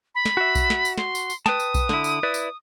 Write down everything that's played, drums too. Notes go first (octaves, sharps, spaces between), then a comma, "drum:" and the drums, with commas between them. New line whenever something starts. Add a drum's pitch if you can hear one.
B5
drum: snare
F#4 E5
drum: kick B1, tambourine
drum: snare
drum: tambourine
C6, drum: snare
drum: tambourine
drum: tambourine
B4 G5 A5 D#6, drum: snare
drum: tambourine
drum: kick B1, tambourine
D3 E4, drum: snare
drum: tambourine
E4 B4 D5
drum: tambourine